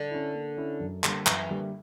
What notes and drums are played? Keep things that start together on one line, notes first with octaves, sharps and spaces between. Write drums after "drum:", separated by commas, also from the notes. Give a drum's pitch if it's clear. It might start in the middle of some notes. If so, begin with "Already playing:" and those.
Already playing: D3
C#4 E4
A#3
C#4 E4
F#2
D3 G3 A#3, drum: clap
F#2 E3, drum: clap
D3 G3 A#3